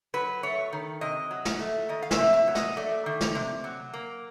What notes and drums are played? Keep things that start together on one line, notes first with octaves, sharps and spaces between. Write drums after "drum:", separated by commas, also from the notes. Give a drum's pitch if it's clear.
F#3 B4
A3 C#5
D#3
C3 D#5
F#3
drum: snare
A3
D#3 D#5
F5
E5, drum: snare
C3
E5
F#3
D#5, drum: snare
A3 D5
D#3
drum: snare
C3
F#3
A#3